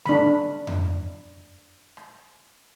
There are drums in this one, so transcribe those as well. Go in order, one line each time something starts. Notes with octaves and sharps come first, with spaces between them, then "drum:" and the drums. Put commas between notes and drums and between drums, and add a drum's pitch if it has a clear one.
D4 B5, drum: snare G#3
drum: tom F2
drum: rim click